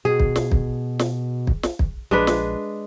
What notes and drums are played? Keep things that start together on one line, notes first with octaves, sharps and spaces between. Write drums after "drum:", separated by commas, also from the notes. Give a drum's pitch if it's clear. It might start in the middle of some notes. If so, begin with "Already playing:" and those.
B2 G#4
drum: kick
drum: snare
drum: kick
drum: snare
drum: kick
drum: snare
drum: kick
A#1 G#3 D4 B4
drum: snare